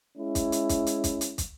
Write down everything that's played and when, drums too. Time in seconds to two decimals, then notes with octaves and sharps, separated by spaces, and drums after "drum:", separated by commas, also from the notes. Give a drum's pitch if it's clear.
0.18 G#3 C#4 E4
0.35 drum: kick, hi-hat
0.52 drum: hi-hat
0.69 drum: kick, hi-hat
0.86 drum: hi-hat
1.04 drum: kick, hi-hat
1.21 drum: hi-hat
1.38 drum: kick, hi-hat